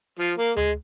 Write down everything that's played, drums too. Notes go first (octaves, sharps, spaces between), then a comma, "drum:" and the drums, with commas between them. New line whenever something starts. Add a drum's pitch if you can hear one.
F3
A#3
G#3, drum: tom D2